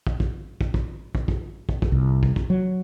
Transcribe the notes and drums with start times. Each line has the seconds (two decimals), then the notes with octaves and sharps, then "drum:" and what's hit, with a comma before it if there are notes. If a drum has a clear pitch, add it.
0.07 drum: kick
0.20 drum: kick
0.61 drum: kick
0.74 drum: kick
1.15 drum: kick
1.28 drum: kick
1.69 drum: kick
1.82 drum: kick
1.92 C2
2.23 drum: kick
2.36 drum: kick
2.50 F#3